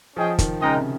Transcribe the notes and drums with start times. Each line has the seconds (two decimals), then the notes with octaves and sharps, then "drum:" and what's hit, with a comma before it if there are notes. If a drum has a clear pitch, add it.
0.16 F3 C#4 G#4 D#5 G5
0.39 D#3, drum: kick, hi-hat
0.61 C#3 G#3 D#4 A#4 D#5 G5
0.76 C3